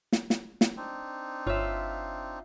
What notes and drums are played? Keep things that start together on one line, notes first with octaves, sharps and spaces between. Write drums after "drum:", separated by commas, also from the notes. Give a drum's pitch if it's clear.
drum: snare
drum: snare
drum: snare
C4 D4 D#4
G1 F4 C#5 E5